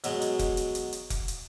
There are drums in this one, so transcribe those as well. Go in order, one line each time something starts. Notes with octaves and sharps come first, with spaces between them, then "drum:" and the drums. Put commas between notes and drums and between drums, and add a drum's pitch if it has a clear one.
B2 F#3 G#3, drum: hi-hat
drum: hi-hat
drum: kick F1, hi-hat
drum: hi-hat
drum: hi-hat
drum: hi-hat
drum: kick F1, hi-hat
drum: hi-hat